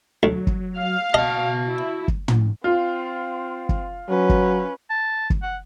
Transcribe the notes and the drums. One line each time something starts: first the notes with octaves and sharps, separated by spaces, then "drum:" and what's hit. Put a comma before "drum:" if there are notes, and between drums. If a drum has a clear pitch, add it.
D2 F#3
drum: kick
F5
B2 F#4 D#5 A5
E4
drum: kick
drum: tom
C4 F4
drum: kick
F#3 C#4 B4
drum: kick
A5
drum: kick
F#5